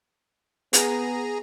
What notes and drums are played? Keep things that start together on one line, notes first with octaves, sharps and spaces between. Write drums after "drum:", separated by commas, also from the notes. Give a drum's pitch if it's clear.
B3 G#4 A#5, drum: hi-hat